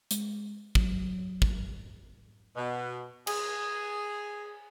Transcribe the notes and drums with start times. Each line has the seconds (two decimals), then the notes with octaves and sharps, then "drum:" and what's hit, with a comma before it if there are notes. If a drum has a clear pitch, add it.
0.11 G#3, drum: hi-hat
0.75 F#3, drum: kick
1.42 drum: kick
2.56 B2
3.27 G#4, drum: cymbal